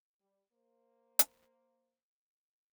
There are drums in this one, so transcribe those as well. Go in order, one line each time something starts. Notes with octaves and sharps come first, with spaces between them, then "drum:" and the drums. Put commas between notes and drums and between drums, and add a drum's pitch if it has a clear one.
G3
A#3 C5
drum: hi-hat